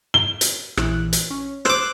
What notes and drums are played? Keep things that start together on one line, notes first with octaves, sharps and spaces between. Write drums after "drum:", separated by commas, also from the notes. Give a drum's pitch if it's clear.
G7
drum: hi-hat
A#1 E3 F#6, drum: rim click
drum: hi-hat
C#4
C5 C6 D6 E6 F#6, drum: rim click